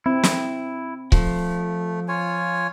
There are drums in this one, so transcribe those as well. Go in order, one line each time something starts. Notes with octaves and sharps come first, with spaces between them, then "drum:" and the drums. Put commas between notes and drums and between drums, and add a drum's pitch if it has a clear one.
C4 E4
drum: snare
F3 A3, drum: kick C#1
F4 C#5 G#5